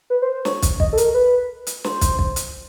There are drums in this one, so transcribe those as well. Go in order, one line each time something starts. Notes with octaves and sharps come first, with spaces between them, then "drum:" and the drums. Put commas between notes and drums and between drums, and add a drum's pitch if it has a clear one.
B4
C5
C5
C#5, drum: snare
drum: kick, hi-hat
D#5, drum: kick
A4
A#4, drum: hi-hat
B4
drum: hi-hat
C5, drum: snare
drum: kick, hi-hat
drum: kick
drum: hi-hat